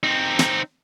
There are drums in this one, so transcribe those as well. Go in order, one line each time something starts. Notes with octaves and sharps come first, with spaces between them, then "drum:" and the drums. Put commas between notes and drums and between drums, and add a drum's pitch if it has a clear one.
C4 D#4
drum: snare